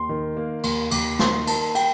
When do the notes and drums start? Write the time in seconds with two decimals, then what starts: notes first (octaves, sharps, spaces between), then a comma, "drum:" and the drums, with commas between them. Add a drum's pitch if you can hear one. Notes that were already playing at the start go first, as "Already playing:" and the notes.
Already playing: D#2 C6
0.09 D#3
0.37 A#3
0.63 D#2 C6, drum: cymbal
0.91 D#2 D6, drum: cymbal
1.19 D#3 C6, drum: snare
1.47 A#3 A5, drum: cymbal
1.75 G5, drum: cymbal